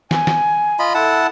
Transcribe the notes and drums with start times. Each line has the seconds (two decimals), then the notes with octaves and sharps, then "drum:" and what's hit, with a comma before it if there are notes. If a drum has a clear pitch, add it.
0.11 G#5, drum: snare
0.27 drum: snare
0.79 F4 D#5 B5
0.94 E4 A4 F#5 A5